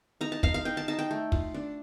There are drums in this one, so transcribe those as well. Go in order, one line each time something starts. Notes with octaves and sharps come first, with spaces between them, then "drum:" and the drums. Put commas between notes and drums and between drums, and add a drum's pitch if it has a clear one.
D#4 A#5
A5
D#4 F5, drum: kick
F5
D#4 G5
A5
D#4 A5
G5
A3
F4, drum: kick
D4